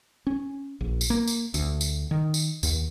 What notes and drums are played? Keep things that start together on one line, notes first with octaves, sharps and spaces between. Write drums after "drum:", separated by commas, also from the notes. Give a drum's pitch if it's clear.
C#4
A#1
drum: tambourine
A#3
drum: tambourine
D2, drum: tambourine
drum: tambourine
D#3
drum: tambourine
D#2, drum: tambourine